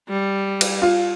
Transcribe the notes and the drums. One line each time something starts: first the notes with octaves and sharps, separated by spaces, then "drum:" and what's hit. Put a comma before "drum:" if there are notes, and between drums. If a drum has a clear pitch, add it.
G3
drum: cymbal
F4